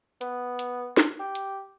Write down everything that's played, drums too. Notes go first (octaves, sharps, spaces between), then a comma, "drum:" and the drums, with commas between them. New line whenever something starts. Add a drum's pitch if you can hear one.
B3, drum: hi-hat
drum: hi-hat
drum: snare
G4
drum: hi-hat